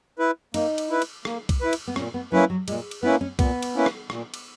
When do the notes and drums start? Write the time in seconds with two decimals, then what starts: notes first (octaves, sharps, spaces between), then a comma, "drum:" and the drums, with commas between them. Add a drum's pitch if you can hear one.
0.19 E4 B4
0.54 A#3 D#4, drum: cymbal
0.78 drum: cymbal
0.90 E4 B4
1.02 drum: cymbal
1.25 A#3, drum: rim click
1.49 drum: kick C2, cymbal
1.61 E4 B4
1.73 drum: cymbal
1.87 B3
1.96 A#2 C#4, drum: rim click
2.14 B3
2.32 F#3 A#3 C#4 E4 B4
2.50 F#3
2.68 A#2 G#3, drum: cymbal
2.91 drum: cymbal
3.03 A#3 B3 C#4 E4 B4
3.21 C#4
3.39 A#2 B3, drum: kick C2, cymbal
3.63 drum: cymbal
3.75 A#3 C#4 E4 B4
3.86 drum: rim click
4.10 A#2, drum: rim click
4.34 drum: cymbal